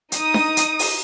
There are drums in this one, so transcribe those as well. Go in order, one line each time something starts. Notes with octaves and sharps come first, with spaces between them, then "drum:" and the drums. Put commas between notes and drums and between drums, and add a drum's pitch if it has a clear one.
D#4 D#6, drum: hi-hat
drum: snare D4
drum: hi-hat
drum: open hi-hat